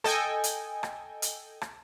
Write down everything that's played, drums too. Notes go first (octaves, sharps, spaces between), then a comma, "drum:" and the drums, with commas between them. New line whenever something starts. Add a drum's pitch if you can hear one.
A4 D#5 G5 G#5, drum: rim click
drum: hi-hat
drum: rim click
drum: hi-hat
drum: rim click